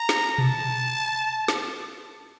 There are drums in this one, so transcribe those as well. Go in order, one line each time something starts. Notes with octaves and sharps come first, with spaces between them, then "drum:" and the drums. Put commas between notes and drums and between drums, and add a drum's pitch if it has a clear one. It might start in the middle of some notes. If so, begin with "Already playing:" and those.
Already playing: A#5
drum: snare
A5, drum: tom B2
drum: snare